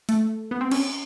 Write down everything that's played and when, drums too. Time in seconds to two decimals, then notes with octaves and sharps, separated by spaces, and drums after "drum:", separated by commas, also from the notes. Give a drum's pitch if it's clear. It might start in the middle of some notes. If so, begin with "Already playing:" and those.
0.09 A3, drum: hi-hat
0.51 B3
0.61 C4
0.71 C#4, drum: cymbal